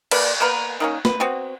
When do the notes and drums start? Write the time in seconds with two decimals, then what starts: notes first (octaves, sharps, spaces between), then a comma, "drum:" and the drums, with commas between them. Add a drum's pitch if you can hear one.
0.11 A#3 B4 D5, drum: cymbal
0.40 A#3 B3 A#4 B4
0.80 D#3 A#3 C#4
1.05 B4, drum: snare
1.20 B3 C4 F#4